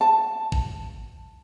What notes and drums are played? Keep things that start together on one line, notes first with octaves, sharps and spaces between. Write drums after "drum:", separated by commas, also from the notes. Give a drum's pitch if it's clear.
A5
drum: kick